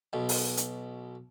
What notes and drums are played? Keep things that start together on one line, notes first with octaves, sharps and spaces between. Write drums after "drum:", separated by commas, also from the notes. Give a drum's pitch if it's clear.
B1 B2
drum: open hi-hat
drum: hi-hat